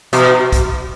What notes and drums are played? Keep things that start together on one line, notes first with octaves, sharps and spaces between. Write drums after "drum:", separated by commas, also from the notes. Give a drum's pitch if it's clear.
B2, drum: hi-hat
drum: kick, hi-hat